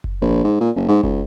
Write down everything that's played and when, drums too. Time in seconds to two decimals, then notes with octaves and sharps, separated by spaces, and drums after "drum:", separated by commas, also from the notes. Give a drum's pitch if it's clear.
0.04 drum: kick F#1
0.21 A#1
0.44 G#2
0.61 A#2
0.76 F#1
0.88 G#2
1.03 C#2, drum: kick F#1